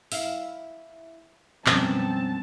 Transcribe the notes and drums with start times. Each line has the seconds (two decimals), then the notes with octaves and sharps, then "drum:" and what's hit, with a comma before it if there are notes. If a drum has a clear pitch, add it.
0.12 E4 F5, drum: open hi-hat
1.66 F#2 B2 F3 G3 B3 C4 A5, drum: clap